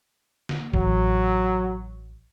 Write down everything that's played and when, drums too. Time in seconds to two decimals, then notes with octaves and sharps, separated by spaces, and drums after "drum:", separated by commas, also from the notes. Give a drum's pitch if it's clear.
0.49 drum: snare
0.73 A1 F#3, drum: kick